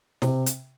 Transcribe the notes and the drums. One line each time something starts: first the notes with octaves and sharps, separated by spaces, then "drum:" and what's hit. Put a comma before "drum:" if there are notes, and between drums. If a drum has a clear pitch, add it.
C3, drum: snare
drum: hi-hat